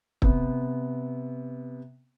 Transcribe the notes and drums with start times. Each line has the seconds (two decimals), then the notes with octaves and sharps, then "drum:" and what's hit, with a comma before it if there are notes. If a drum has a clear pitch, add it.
0.22 C3 B3, drum: kick